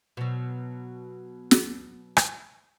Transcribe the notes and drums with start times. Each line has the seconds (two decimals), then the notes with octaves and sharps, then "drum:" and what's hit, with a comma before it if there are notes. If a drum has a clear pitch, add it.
0.17 B2 F#3
1.51 drum: snare
2.17 drum: rim click